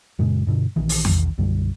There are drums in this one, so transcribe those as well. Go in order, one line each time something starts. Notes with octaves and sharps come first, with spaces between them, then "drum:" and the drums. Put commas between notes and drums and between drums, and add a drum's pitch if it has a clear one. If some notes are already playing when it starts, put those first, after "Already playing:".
F#2 A#2 C#3 G#3
G2 B2 D3
A#1 D#3 E3
drum: open hi-hat
drum: tom E2
B1 F#2 D3 G3